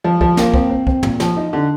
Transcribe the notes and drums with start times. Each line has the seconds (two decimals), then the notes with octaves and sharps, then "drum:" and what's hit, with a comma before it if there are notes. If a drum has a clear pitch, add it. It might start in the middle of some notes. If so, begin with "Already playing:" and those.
0.04 F3
0.21 F3, drum: kick
0.37 A#3, drum: snare
0.54 C4, drum: kick
0.70 C4
0.87 C4, drum: kick
1.03 A#2, drum: tom
1.20 F3, drum: snare
1.37 D#4
1.53 D3